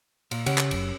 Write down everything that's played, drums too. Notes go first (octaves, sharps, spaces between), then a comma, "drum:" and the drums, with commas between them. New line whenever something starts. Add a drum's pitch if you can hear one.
A#2, drum: cymbal
C#3 C#4 G4 F#5, drum: cymbal
drum: clap
F#1 F#2, drum: cymbal